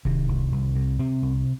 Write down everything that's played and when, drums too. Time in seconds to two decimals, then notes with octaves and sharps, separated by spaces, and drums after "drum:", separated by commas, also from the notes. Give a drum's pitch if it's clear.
0.05 C3 D#3, drum: kick D1
0.28 C2
0.52 C2
0.75 C3
0.99 C3 C4
1.22 C2